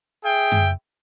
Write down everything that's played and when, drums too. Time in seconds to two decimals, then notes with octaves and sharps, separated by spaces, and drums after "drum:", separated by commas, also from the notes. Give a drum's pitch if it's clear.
0.24 G#4 E5 G5
0.52 drum: tom F#2